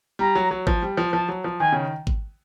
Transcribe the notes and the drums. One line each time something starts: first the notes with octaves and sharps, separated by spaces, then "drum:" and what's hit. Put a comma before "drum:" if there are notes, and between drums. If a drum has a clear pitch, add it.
G3 A#5
F#3
F#3
F3, drum: kick G#1
G3
F3
F3 A5
F#3
F3
D#3 G#5
C#3
drum: kick G#1